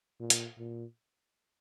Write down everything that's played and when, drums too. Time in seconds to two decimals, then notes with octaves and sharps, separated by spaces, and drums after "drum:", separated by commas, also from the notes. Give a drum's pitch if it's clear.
0.20 A#2
0.30 drum: hi-hat
0.58 A#2